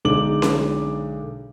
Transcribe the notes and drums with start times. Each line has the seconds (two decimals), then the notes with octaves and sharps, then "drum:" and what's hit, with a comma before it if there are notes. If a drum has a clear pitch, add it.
0.05 B1 D3 G#3 D#4 D6 F#7
0.42 drum: snare C#4